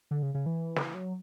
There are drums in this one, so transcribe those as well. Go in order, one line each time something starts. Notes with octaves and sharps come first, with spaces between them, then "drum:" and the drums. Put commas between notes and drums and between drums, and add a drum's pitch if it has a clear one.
D3
C#3
C#3
E3
drum: snare
F#3